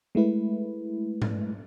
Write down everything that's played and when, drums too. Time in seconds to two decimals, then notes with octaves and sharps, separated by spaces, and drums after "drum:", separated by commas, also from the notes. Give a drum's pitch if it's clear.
0.15 G#3 A3 E4 B4
1.22 drum: tom G#2